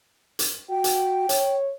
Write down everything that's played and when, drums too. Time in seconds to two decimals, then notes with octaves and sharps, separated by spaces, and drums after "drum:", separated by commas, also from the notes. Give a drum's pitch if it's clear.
0.39 drum: hi-hat
0.70 F#4 G5
0.84 drum: hi-hat
1.29 C#5, drum: hi-hat